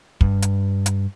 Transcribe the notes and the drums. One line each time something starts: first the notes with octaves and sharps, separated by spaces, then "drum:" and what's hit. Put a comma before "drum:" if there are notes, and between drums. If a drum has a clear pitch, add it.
G2, drum: kick
drum: hi-hat
drum: hi-hat